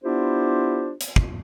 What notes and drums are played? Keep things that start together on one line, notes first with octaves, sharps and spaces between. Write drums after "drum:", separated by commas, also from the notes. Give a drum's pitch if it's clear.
B3 D4 E4 F4 G4 C5
drum: hi-hat
drum: kick